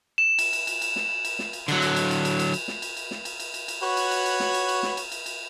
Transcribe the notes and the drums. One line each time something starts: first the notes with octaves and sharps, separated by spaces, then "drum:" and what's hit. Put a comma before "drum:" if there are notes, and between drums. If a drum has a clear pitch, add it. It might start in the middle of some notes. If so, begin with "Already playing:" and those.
E7
drum: cymbal
drum: cymbal
drum: cymbal
drum: cymbal
drum: snare
drum: cymbal
drum: snare
drum: cymbal
D3 F#3, drum: cymbal
drum: cymbal
drum: cymbal
drum: cymbal
drum: cymbal
drum: cymbal
drum: cymbal
drum: snare
drum: cymbal
drum: cymbal
drum: snare
drum: cymbal
drum: cymbal
drum: cymbal
drum: cymbal
F#4 B4 C#5
drum: cymbal
drum: cymbal
drum: cymbal
drum: snare
drum: cymbal
drum: cymbal
drum: snare
drum: cymbal
drum: cymbal
drum: cymbal